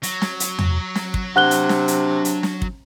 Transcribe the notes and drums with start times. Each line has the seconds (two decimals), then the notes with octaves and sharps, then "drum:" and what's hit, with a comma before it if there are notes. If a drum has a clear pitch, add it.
0.03 F#3, drum: hi-hat
0.22 drum: snare
0.40 drum: hi-hat
0.59 drum: tom E2
0.95 drum: snare
1.14 drum: kick
1.36 C3 D4 F#5 F#6 G7
1.51 drum: hi-hat
1.69 drum: snare
1.88 drum: hi-hat
2.25 drum: hi-hat
2.43 drum: snare
2.62 drum: kick